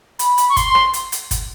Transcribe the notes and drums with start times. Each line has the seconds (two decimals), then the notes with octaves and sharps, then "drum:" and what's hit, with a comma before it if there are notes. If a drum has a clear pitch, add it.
0.19 B5, drum: hi-hat
0.38 drum: hi-hat
0.49 C#6
0.57 C6, drum: kick G1, hi-hat
0.75 drum: rim click
0.94 drum: hi-hat
1.12 drum: hi-hat
1.31 drum: kick G1, hi-hat